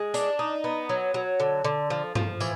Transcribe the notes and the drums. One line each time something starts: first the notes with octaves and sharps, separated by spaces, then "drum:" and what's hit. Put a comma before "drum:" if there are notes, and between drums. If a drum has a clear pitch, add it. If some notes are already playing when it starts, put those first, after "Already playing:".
Already playing: G#3
D4, drum: hi-hat
D#4
B3
F#3
F#3
D3
D3
F3
F3, drum: tom G2
E3, drum: tambourine